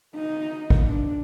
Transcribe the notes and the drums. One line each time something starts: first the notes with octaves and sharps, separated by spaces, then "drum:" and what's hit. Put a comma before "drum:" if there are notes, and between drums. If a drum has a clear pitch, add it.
D#4
drum: kick
D4